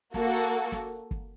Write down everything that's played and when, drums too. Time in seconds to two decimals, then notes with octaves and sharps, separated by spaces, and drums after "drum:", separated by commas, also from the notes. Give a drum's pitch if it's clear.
0.14 A#3 F#4 A4, drum: snare
0.72 drum: snare
1.11 drum: kick